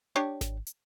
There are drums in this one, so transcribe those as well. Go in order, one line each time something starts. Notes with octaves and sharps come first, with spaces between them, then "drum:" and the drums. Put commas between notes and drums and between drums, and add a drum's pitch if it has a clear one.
D4 G4 C#5
drum: snare G#1
drum: hi-hat